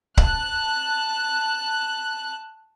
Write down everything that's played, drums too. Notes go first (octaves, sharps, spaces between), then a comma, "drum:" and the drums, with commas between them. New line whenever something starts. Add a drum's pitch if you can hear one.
A5 F#6, drum: kick C#1